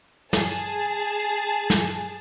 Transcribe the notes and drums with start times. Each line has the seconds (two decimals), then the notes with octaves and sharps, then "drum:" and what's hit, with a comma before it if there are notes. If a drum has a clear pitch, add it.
0.33 G#4 A5, drum: snare
1.70 drum: snare